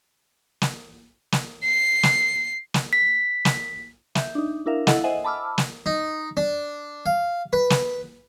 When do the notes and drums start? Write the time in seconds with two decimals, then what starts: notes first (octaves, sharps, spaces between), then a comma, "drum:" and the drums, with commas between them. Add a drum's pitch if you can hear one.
0.62 drum: snare
1.32 drum: snare
1.64 C7
2.03 drum: snare
2.74 drum: snare
2.93 B6
3.45 drum: snare
4.15 E5 G6, drum: snare
4.35 D4 D#4
4.66 D4 E4 A#4 E5 F5
4.87 E4 A4 D#5 F#5, drum: snare
5.04 C5 D#5 E5 F#5 G#5
5.24 A5 B5 D6 E6 F6
5.58 drum: snare
5.86 D#4
6.37 D4
7.06 F5
7.53 B4
7.70 drum: snare